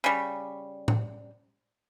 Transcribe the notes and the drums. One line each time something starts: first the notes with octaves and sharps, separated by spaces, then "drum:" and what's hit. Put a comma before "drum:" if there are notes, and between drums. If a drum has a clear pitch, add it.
C#3 G3
drum: tom A2